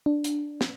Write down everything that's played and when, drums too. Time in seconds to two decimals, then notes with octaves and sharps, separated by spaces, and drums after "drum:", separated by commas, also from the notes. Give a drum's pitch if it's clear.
0.06 D4
0.24 drum: hi-hat
0.61 drum: snare